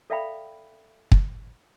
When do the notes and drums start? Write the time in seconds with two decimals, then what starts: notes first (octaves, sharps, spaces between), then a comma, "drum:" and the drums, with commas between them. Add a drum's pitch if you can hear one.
0.10 A4 D5 E5 F5 G5 B5
1.12 drum: kick